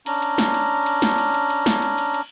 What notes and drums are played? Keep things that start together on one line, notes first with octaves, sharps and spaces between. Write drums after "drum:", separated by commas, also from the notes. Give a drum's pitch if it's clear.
C#4 D4 A#5, drum: cymbal
drum: cymbal
drum: snare
drum: cymbal
drum: cymbal
drum: snare
drum: cymbal
drum: cymbal
drum: cymbal
drum: snare
drum: cymbal
drum: cymbal
drum: cymbal